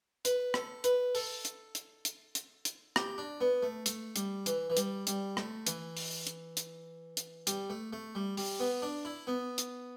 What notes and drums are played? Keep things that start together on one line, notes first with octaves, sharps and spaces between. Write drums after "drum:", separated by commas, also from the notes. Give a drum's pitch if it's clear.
B4, drum: hi-hat
A4, drum: rim click
B4, drum: hi-hat
A4, drum: open hi-hat
drum: hi-hat
drum: hi-hat
drum: hi-hat
drum: hi-hat
drum: hi-hat
G4, drum: rim click
D4
B3
A3
A3, drum: hi-hat
G3, drum: hi-hat
E3, drum: hi-hat
E3
G3, drum: hi-hat
G3, drum: hi-hat
A3, drum: rim click
E3, drum: hi-hat
drum: open hi-hat
drum: hi-hat
drum: hi-hat
drum: hi-hat
G3, drum: hi-hat
A3
A3
G3
G3, drum: open hi-hat
B3
D4
E4
B3
drum: hi-hat